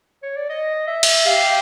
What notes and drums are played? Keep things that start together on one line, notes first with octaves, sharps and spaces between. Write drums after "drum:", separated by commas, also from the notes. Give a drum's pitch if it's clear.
C#5
D5
D#5
E5
drum: cymbal
G4 F5